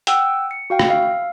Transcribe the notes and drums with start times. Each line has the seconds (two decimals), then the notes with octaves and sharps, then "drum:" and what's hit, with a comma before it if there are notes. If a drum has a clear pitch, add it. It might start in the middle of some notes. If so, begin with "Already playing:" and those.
0.07 F#5 G5 E6, drum: hi-hat
0.51 C#7
0.70 F#4 F5 G5
0.79 drum: rim click
0.89 E5 F5